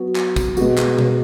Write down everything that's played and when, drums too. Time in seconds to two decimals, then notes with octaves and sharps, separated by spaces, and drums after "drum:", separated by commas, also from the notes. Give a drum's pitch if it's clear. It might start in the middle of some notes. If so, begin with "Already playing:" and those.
Already playing: F#3 B3 F#4
0.16 drum: clap
0.36 drum: kick, tambourine
0.57 B2 G#3 B3 F#4, drum: tambourine
0.78 drum: clap
0.99 drum: tom B2